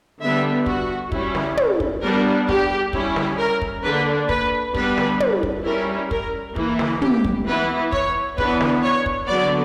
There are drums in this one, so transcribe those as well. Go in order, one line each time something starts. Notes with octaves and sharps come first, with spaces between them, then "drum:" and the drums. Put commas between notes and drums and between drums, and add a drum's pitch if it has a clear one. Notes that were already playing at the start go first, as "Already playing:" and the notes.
D3 G3 B3 D4 E5
F#4, drum: kick
G3 C#4 E4, drum: kick
drum: snare
drum: tom
drum: kick
G3 B3 D4 A#4
G4, drum: kick
G3 C#4 E4, drum: kick
drum: snare
A#4
drum: kick
D3 A#3 D4 B4
B4, drum: kick
G3 B3 D4 B4, drum: kick
drum: snare
drum: tom
drum: kick
G3 C#4 E4 A#4
A#4, drum: kick
E3 A#3 E4, drum: kick
drum: snare
G4, drum: tom
drum: kick
E3 B3 E4 B4
C#5, drum: kick
E3 B3 D4 B4, drum: kick
drum: snare
C#5
drum: kick
D3 F#3 B3 D5